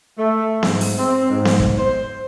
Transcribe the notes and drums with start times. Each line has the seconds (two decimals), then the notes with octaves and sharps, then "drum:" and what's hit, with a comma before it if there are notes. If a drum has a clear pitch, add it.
0.18 A3
0.63 G#2, drum: snare B3
0.81 drum: open hi-hat
0.98 C4
1.30 G#2
1.45 drum: snare B3
1.60 drum: kick
1.79 C5